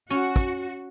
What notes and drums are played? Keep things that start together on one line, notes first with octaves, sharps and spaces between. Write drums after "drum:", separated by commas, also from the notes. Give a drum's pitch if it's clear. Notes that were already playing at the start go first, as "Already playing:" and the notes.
C#4 F#4
drum: kick